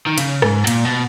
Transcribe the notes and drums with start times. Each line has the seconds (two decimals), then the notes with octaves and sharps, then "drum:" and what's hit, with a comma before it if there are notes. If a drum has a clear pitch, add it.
0.06 D#3
0.18 C#3, drum: cymbal
0.42 G#2, drum: rim click
0.64 B2
0.67 A#2, drum: cymbal
0.85 B2